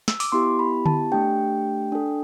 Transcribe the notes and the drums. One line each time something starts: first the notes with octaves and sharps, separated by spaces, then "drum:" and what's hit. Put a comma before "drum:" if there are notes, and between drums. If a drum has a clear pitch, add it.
E6, drum: snare
D6, drum: open hi-hat
B3 E4 G4 C6
B5
A5, drum: tom D3
A3 D4 G4 G5
D4 A4